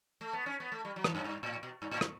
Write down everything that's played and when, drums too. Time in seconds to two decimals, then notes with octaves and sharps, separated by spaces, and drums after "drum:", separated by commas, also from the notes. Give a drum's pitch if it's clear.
0.21 A3
0.33 B3
0.46 C#4
0.60 B3
0.72 A3
0.85 G3
0.96 F#3
1.04 E3, drum: rim click
1.15 F#2
1.24 G2
1.43 A2
1.63 B2
1.82 G2
1.91 A2
2.01 drum: rim click